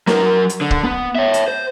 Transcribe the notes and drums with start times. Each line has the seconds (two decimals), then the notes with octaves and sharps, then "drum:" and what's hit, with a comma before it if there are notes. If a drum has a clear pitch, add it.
0.07 F#3 A#4, drum: snare
0.49 drum: hi-hat
0.61 D3
0.71 drum: kick
0.84 B3
1.15 C#5 E5
1.34 drum: hi-hat
1.48 C5